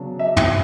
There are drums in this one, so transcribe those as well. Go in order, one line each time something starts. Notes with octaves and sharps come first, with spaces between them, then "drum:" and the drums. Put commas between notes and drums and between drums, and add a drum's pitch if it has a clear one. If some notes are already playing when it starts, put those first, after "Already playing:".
Already playing: C#3 F#3 B3 D4
E5
drum: tom